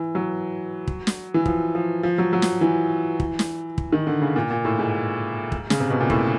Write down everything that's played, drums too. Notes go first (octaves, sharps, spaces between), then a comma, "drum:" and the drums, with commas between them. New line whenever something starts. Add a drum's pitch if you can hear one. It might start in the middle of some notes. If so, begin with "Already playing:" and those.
Already playing: E3
F#3
drum: kick
drum: snare
E3
F3, drum: kick
F3
F3
F#3
F#3
drum: snare
E3
drum: kick
drum: snare
drum: kick
D#3
D3
C#3
A#2
A#2
A2
G#2
drum: kick
C#3, drum: snare
C3
B2
A#2
A2, drum: kick